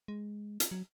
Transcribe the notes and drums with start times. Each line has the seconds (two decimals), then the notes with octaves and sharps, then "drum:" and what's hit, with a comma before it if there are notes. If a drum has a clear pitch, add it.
0.08 G#3
0.60 drum: hi-hat
0.71 F#3